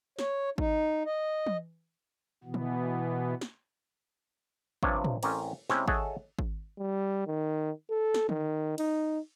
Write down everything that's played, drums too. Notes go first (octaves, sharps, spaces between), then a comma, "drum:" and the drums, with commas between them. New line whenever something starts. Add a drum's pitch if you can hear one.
C#5, drum: snare
D#4, drum: kick G#1
D#5
drum: tom
B2 E3 B3
drum: tom D3
drum: snare
G2 C3 F3 C#5 D5, drum: kick G#1
drum: tom
A1 C4 C#4 A#4 D5, drum: cymbal
C3 G#3 C4 C#4 E4, drum: snare
G#4 A4 C#5 D#5 E5 F#5, drum: kick G#1
drum: kick G#1
G3
D#3
A4
drum: snare
D#3, drum: tom D3
D#4, drum: cymbal